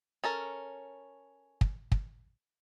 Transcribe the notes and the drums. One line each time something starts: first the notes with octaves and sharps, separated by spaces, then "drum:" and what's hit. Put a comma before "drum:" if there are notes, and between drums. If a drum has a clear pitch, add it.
C#4 A4 A#4
drum: kick
drum: kick